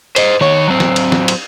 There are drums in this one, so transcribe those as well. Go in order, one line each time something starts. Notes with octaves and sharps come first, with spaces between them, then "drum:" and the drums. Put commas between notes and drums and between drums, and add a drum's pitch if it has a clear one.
C5 D#5, drum: cymbal
D#3 C#5
F#3 C4
drum: snare
drum: cymbal
drum: snare
drum: cymbal